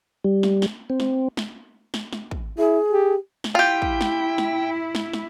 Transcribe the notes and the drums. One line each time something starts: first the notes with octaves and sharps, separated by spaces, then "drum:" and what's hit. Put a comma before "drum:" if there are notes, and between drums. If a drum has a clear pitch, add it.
G3
drum: snare
drum: snare
C4
drum: snare
drum: snare
drum: snare
drum: snare
drum: kick
E4 G#4
G4
drum: snare
E4 F4 G4 G5
drum: kick
drum: snare
drum: snare
drum: snare
drum: snare